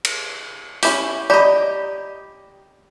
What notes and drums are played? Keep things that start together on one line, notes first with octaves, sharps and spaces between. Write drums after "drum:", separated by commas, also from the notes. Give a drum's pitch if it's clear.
drum: cymbal
C#4 E4 G4, drum: open hi-hat
G4 D5 D#5 A#5 B5